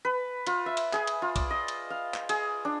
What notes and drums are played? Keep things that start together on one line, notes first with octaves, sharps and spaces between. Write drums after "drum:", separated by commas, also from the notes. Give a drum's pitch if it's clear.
B4
F4, drum: cymbal
E5
drum: cymbal
G#4, drum: clap
drum: cymbal
F4
D5, drum: kick, cymbal
D#5
drum: cymbal
F5
drum: clap
G#4, drum: cymbal
D4